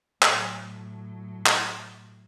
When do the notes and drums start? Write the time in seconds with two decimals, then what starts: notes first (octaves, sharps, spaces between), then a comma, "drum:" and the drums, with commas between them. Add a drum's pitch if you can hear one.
0.22 A2 F#3, drum: clap
1.46 drum: clap